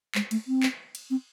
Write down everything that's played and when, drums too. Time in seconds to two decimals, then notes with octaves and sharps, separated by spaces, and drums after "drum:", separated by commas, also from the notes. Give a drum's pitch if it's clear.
0.15 G#3, drum: clap
0.31 A3, drum: cymbal
0.47 C4
0.63 drum: clap
0.95 drum: cymbal
1.10 C4